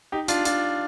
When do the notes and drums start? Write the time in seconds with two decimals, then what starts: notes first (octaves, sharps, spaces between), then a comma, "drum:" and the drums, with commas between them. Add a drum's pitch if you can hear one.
0.12 D#4 G4
0.28 D4 F4, drum: hi-hat
0.45 D4 F4, drum: hi-hat